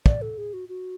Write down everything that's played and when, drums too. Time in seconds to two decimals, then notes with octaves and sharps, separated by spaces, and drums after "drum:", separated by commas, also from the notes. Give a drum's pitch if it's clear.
0.06 D5, drum: kick
0.22 A4
0.38 G#4
0.54 F#4
0.69 F#4